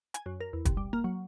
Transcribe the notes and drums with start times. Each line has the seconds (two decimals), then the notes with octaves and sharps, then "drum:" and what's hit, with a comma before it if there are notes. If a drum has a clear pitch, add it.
0.14 G#5, drum: hi-hat
0.26 F#2
0.40 A#4
0.53 E2
0.65 C2, drum: kick, hi-hat
0.77 G3
0.93 A#3
1.04 F#3